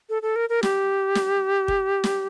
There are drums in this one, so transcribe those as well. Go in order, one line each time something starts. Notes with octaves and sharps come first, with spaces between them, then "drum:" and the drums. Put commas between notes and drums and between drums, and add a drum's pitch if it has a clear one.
A4
A4
A#4
A#4
G4, drum: snare
drum: snare
drum: kick
drum: snare